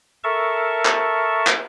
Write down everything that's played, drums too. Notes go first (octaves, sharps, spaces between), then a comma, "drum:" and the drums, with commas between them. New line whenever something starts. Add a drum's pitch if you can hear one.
A4 A#4 E5 A5 C#6
drum: clap
drum: clap